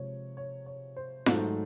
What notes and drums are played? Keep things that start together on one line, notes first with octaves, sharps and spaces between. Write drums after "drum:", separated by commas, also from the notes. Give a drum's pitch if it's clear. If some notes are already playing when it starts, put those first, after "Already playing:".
Already playing: C3 F3 G#3 C#5
C#5
C#5
C5
G#2 D#3 F#3 A3, drum: snare F4